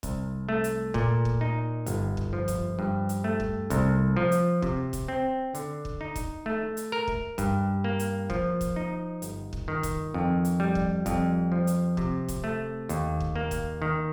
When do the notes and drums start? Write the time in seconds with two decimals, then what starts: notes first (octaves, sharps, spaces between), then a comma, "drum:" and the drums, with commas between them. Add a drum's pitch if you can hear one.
0.03 C2, drum: kick, hi-hat
0.49 A3
0.64 drum: hi-hat
0.94 A#2, drum: kick
1.25 drum: kick
1.41 D#4
1.86 G1, drum: hi-hat
2.17 drum: kick
2.33 F3
2.48 drum: kick, hi-hat
2.79 G2
3.09 drum: hi-hat
3.24 A3
3.40 drum: kick
3.70 C2, drum: kick, hi-hat
4.17 F3
4.32 drum: hi-hat
4.62 C3, drum: kick
4.93 drum: kick, hi-hat
5.08 C4
5.55 D3, drum: hi-hat
5.85 drum: kick
6.01 D#4
6.16 drum: kick, hi-hat
6.46 A3
6.77 drum: hi-hat
6.92 A#4
7.07 drum: kick
7.38 G2, drum: kick, hi-hat
7.84 A#3
7.99 drum: hi-hat
8.30 F3, drum: kick
8.61 drum: kick, hi-hat
8.76 D#4
9.22 G1, drum: hi-hat
9.53 drum: kick
9.68 D#3
9.83 drum: kick, hi-hat
10.14 F2
10.45 drum: hi-hat
10.60 G3
10.75 drum: kick
11.06 F2, drum: kick, hi-hat
11.52 F3
11.67 drum: hi-hat
11.97 C3, drum: kick
12.28 drum: kick, hi-hat
12.44 A3
12.89 D#2, drum: hi-hat
13.20 drum: kick
13.36 A#3
13.51 drum: kick, hi-hat
13.82 D#3